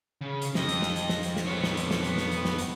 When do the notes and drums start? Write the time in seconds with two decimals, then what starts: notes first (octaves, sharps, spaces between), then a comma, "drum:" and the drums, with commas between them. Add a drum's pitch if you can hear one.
0.21 C#3
0.42 drum: hi-hat
0.55 F2 D#5, drum: snare
0.69 drum: hi-hat
0.82 drum: snare
0.96 drum: hi-hat
1.09 drum: snare
1.23 drum: hi-hat
1.37 drum: snare
1.46 B3 C#5
1.64 drum: snare
1.77 drum: hi-hat
1.91 drum: snare
2.04 drum: hi-hat
2.18 drum: snare
2.31 drum: hi-hat
2.45 drum: snare
2.58 drum: hi-hat